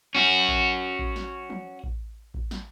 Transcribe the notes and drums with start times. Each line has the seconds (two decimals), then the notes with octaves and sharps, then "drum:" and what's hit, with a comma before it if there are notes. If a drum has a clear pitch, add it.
0.15 C#4 F#4, drum: tom
0.48 drum: kick A1
0.99 drum: kick A1
1.16 drum: snare
1.50 drum: tom
1.84 drum: kick A1
2.34 drum: kick A1
2.51 drum: snare